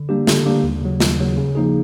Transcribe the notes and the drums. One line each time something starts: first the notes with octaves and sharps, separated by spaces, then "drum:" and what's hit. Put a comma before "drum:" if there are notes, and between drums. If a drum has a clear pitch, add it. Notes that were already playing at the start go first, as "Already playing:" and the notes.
Already playing: D3
G3 A#3 D4 G4
D3, drum: snare
G3 A#3 D4 G4
D#2
C#3 F#3
D#2, drum: snare
C#3 F#3
C#3
F3 A#3 D#4 G#4